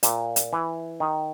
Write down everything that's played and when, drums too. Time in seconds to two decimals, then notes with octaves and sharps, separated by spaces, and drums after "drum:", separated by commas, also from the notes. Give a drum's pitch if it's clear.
0.03 A#2, drum: hi-hat
0.36 drum: hi-hat
0.53 E3
1.00 D#3